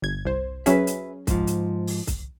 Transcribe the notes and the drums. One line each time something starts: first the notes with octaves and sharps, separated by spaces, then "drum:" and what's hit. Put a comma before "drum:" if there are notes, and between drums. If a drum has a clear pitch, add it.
G1 G#6
C2 C5
F#3 C#4 G#4 B4 E5, drum: hi-hat
drum: hi-hat
G#2 F3, drum: kick C2, hi-hat
drum: hi-hat
drum: open hi-hat
drum: kick C2, hi-hat